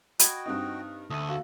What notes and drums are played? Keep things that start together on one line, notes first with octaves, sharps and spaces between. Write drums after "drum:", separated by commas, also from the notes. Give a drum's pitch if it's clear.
F#4 D#5 G5 B5 G#6, drum: hi-hat
G2 C4 D#4 D#6 F#6
D2 A3 A4 D#6 D#7
F#4 F5